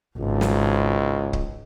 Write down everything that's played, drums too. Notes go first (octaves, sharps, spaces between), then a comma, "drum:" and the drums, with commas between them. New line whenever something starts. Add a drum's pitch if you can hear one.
G#1 C#2
drum: snare
drum: kick C#1